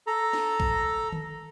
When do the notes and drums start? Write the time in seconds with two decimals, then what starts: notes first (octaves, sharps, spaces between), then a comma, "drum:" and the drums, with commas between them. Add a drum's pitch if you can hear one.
0.07 A4 A#5
0.33 drum: snare
0.60 drum: kick
1.12 drum: tom D3